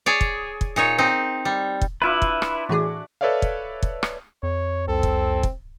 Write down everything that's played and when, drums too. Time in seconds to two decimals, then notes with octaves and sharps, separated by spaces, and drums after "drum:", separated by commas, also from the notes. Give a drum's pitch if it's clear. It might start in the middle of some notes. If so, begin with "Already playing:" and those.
0.06 G#4 C#5 D5
0.21 drum: kick
0.61 drum: kick
0.76 A#2 D#4 C#5
0.98 C4 D#4
1.45 G3
1.81 drum: kick
2.02 D4 E4 F4 B4 E5
2.22 drum: kick
2.42 drum: rim click
2.69 A2 E3 F#4 G#4 D5
3.21 A4 B4 C#5 D5 E5 F5
3.42 drum: kick
3.83 drum: kick
4.03 drum: rim click
4.43 F2 C#5
4.88 C2 C4 A4
5.03 drum: kick
5.43 drum: kick